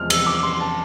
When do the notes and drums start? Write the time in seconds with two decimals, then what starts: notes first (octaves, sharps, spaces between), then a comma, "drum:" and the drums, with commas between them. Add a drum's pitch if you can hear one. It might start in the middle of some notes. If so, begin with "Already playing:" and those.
Already playing: E2 C3 F3 G#3 F6
0.10 E6, drum: cymbal
0.26 D6
0.43 C6
0.60 A5